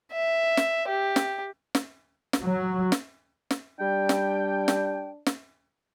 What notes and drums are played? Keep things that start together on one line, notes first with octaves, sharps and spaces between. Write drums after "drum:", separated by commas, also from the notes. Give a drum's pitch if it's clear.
E5
drum: snare
G4
drum: snare
drum: snare
drum: snare
F#3
drum: snare
drum: snare
G3 D4 G5
drum: snare
drum: snare
drum: snare